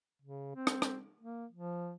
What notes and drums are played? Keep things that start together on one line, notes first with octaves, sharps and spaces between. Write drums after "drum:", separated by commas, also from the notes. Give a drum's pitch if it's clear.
C#3
C4
drum: rim click
drum: rim click
A#3
F3